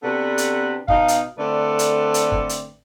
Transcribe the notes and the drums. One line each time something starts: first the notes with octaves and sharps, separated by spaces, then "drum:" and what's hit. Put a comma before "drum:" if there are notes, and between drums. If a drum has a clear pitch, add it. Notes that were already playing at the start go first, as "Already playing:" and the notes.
C3 B3 D4 F#4 A4 B4
drum: hi-hat
B2 D#4 F5, drum: kick
drum: hi-hat
D3 A3 C4 A4 B4 D5
drum: hi-hat
drum: hi-hat
drum: kick
drum: hi-hat